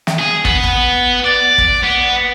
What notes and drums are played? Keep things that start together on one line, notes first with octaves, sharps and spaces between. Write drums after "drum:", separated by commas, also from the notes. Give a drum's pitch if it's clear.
drum: snare
G#4
B3, drum: kick
drum: kick
D5
drum: kick
B3